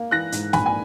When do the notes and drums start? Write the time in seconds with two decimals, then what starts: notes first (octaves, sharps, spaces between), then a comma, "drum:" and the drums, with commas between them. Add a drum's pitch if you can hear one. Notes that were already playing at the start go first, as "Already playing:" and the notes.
Already playing: A#3
0.11 E3 F#6 A#6
0.32 G#2, drum: hi-hat
0.53 A#1 G#5 B5, drum: snare
0.66 G#5